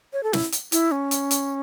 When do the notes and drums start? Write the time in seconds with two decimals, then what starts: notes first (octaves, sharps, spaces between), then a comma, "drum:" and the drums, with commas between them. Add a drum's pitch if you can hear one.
0.13 C#5
0.23 A4
0.33 E4, drum: snare
0.52 drum: hi-hat
0.72 E4, drum: hi-hat
0.92 C#4
1.11 drum: hi-hat
1.31 drum: hi-hat